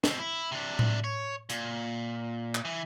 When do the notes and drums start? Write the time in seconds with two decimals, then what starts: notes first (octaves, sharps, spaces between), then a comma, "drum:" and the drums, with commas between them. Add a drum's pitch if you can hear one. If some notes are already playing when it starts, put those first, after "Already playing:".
0.04 B2 C4, drum: snare
0.19 E4
0.52 C3 D4
0.79 drum: tom A2
1.04 C#5
1.50 A#2, drum: hi-hat
2.55 drum: clap
2.65 E3